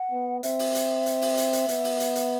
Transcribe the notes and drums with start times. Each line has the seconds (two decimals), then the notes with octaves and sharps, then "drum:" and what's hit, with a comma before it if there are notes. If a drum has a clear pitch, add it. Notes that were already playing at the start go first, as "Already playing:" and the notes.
Already playing: F#5
0.12 B3
0.43 C4 E5, drum: hi-hat
0.59 drum: open hi-hat
0.75 drum: hi-hat
1.06 drum: hi-hat
1.22 drum: open hi-hat
1.37 drum: hi-hat
1.53 drum: hi-hat
1.69 B3, drum: hi-hat
1.84 drum: open hi-hat
2.00 drum: hi-hat
2.15 drum: hi-hat